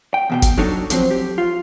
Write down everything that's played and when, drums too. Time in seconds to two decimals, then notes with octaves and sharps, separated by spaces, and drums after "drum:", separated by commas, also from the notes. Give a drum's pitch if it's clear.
0.14 G5
0.30 E2 B2 G5
0.42 drum: kick, hi-hat
0.57 F#3 D4 D#4 A4 C#5
0.90 D3 F3 F#3 C4, drum: hi-hat
1.11 G4
1.38 F4